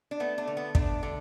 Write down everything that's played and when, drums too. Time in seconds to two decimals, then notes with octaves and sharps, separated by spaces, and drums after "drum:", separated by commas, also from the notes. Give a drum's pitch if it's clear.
0.11 D4
0.20 A3 B3
0.38 D4
0.47 D3
0.57 B3
0.75 A3 D4, drum: kick
1.03 D3